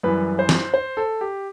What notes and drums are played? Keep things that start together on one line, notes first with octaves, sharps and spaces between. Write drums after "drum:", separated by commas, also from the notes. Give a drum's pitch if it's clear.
F#2 E3 G3 B4
C5
drum: snare
C5
A4
G4